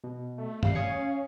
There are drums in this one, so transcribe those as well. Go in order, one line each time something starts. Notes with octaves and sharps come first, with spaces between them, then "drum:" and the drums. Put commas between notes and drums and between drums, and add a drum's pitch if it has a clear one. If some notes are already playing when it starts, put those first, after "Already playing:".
B2
A3
C3 G3 F5 C7, drum: tom
C#4 D#6 G#6 C#7